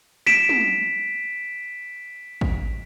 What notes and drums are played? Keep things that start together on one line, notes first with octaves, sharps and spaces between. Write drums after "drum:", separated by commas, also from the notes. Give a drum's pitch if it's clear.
B6 D7 E7, drum: snare
drum: tom
drum: kick A1